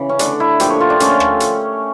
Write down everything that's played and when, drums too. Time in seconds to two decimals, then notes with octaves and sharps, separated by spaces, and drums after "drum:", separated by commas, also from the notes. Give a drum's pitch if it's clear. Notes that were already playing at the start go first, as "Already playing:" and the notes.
Already playing: C#3 E3
0.09 C#4
0.19 D3 A3 D4, drum: hi-hat
0.40 E4
0.60 A#2 F3 A3 G4, drum: hi-hat
0.70 C#5
0.80 F4
0.90 D4
1.00 D3 A3 C#4, drum: hi-hat
1.20 drum: rim click
1.40 drum: hi-hat